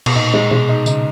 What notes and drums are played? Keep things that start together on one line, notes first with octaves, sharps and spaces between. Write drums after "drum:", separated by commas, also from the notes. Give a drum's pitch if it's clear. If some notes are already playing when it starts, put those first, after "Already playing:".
B2, drum: cymbal
A#2 D#4
G#3
B2 G#3
D#4
C#3 D#4, drum: tambourine